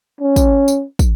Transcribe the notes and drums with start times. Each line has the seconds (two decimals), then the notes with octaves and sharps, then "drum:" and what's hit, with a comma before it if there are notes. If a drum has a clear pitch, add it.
0.21 C#4
0.36 drum: kick, tambourine
0.68 drum: tambourine
0.99 drum: kick, tambourine